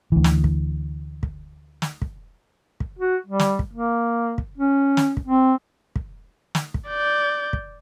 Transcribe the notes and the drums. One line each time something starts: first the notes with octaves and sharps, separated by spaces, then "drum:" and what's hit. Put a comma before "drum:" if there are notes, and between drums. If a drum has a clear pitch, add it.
D2 E3
drum: snare
drum: kick
drum: kick
drum: snare
drum: kick
drum: kick
F#4
G3
drum: snare
drum: kick
A#3
drum: kick
C#4
drum: snare
drum: kick
C4
drum: kick
drum: snare
drum: kick
D5 G6
drum: kick